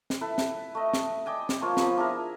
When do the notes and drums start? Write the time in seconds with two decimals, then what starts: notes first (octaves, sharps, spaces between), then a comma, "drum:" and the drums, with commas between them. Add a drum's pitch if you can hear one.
0.10 drum: snare
0.21 E4 A4 B4
0.38 drum: snare
0.75 A3 D#5
0.93 drum: snare
1.26 D5 D#5 G5 G#5
1.49 drum: snare
1.61 F3 A#3 F4 C#5
1.77 F3 B3, drum: snare
1.97 D4 E4 G#4 A#4